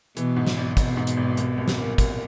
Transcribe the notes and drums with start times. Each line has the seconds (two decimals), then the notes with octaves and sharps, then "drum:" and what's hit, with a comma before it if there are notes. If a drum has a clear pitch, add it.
0.17 B2 E3, drum: hi-hat
0.36 G#2
0.47 drum: snare
0.57 G#1
0.77 G#1 B2, drum: kick, hi-hat
0.97 G#2
1.07 drum: hi-hat
1.17 G#1
1.37 C2, drum: hi-hat
1.58 C2
1.68 drum: snare
1.78 A#2
1.98 C2, drum: kick, hi-hat